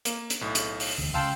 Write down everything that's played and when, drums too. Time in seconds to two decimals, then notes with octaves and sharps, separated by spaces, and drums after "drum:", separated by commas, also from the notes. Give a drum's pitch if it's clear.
0.05 A#3, drum: hi-hat
0.30 drum: hi-hat
0.41 B1 A2
0.55 drum: hi-hat
0.80 drum: open hi-hat
0.98 E1 D2
1.14 C#2 C#3 F5 G5 A5 C6 E6